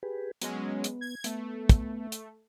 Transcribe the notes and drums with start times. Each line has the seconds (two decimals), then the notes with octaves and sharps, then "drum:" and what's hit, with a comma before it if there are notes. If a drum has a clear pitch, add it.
0.03 G4 G#4 B4
0.41 F#3 G#3 B3 C#4, drum: hi-hat
0.84 drum: hi-hat
1.01 G#6
1.24 A3 B3, drum: hi-hat
1.69 drum: kick, hi-hat
2.12 drum: hi-hat